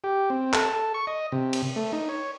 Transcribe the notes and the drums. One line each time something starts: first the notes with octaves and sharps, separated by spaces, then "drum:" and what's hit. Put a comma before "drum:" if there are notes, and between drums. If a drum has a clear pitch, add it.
G4
C4
A4, drum: clap
A4
C#6
D#5
C3
drum: cymbal
A3
D#4
C#5